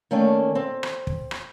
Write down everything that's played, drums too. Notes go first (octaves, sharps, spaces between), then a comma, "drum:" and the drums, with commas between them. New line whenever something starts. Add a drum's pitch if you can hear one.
D#3 A3 A#3 C#4 D5 A5
C4
drum: rim click
drum: kick
drum: rim click